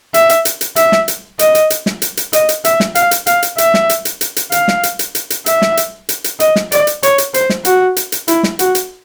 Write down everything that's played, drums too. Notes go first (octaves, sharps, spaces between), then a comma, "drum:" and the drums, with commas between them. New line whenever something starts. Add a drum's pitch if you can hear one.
E5, drum: hi-hat
drum: hi-hat
drum: hi-hat
drum: hi-hat
E5, drum: hi-hat
drum: snare
drum: hi-hat
D#5, drum: hi-hat
drum: hi-hat
drum: hi-hat
drum: snare
drum: hi-hat
drum: hi-hat
D#5, drum: hi-hat
drum: hi-hat
E5, drum: hi-hat
drum: snare
F5, drum: hi-hat
drum: hi-hat
F5, drum: hi-hat
drum: hi-hat
E5, drum: hi-hat
drum: snare
drum: hi-hat
drum: hi-hat
drum: hi-hat
drum: hi-hat
F5, drum: hi-hat
drum: snare
drum: hi-hat
drum: hi-hat
drum: hi-hat
drum: hi-hat
E5, drum: hi-hat
drum: snare
drum: hi-hat
drum: hi-hat
drum: hi-hat
D#5, drum: hi-hat
drum: snare
D5, drum: hi-hat
drum: hi-hat
C#5, drum: hi-hat
drum: hi-hat
C5, drum: hi-hat
drum: snare
F#4, drum: hi-hat
drum: hi-hat
drum: hi-hat
E4, drum: hi-hat
drum: snare
F#4, drum: hi-hat
drum: hi-hat